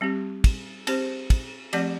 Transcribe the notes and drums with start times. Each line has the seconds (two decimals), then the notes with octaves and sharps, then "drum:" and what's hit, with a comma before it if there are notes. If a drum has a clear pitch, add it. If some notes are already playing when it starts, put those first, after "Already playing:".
0.01 G3 C4 G4
0.44 drum: kick, cymbal
0.87 C4 G4 C5, drum: cymbal
1.30 drum: kick, cymbal
1.73 F3 A3 C4 G4 D5, drum: cymbal